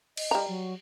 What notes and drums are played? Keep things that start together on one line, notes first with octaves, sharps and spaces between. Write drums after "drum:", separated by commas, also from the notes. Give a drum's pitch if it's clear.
D#5, drum: cymbal
G3 A#5
F#3